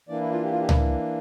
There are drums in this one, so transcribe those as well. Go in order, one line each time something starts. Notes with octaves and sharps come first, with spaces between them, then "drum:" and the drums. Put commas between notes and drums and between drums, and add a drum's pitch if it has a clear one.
E3 A#3 D4 D5
E4
F4
G4
F4
G4
E4, drum: tom C#2